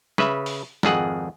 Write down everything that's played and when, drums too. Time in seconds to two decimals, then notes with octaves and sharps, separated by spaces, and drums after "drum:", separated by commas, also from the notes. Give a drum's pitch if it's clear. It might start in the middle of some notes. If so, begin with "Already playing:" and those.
0.18 C#3 B4 E5, drum: snare
0.46 drum: open hi-hat
0.83 G#1 F2 G#4 F#5, drum: snare